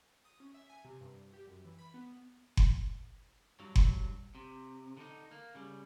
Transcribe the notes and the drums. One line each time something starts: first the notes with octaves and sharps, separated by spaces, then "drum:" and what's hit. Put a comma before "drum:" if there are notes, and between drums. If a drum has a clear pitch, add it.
D#6
C#4
E5
G#5
C3
G2
G4
F#2
E3
B5
B3
drum: kick F#1
G2 F#3
drum: kick F#1
C3
D3 D#4
A#3
C#3 G3